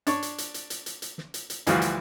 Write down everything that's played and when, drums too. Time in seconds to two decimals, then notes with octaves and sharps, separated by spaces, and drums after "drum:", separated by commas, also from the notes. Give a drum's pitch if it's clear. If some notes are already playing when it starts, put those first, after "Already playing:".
0.07 D4 C#5, drum: hi-hat
0.22 drum: hi-hat
0.38 drum: hi-hat
0.54 drum: hi-hat
0.70 drum: hi-hat
0.86 drum: hi-hat
1.02 drum: hi-hat
1.18 drum: snare
1.34 drum: hi-hat
1.50 drum: hi-hat
1.67 D2 E3 F3 G3 F#4 F5, drum: hi-hat
1.82 drum: hi-hat